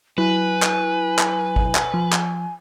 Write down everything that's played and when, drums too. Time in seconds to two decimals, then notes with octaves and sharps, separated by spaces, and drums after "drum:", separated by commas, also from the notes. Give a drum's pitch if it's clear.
0.18 F#3 E4 B4 G#5
0.62 drum: clap
1.19 drum: clap
1.56 drum: kick G#1
1.75 drum: clap
1.94 F3
2.13 drum: clap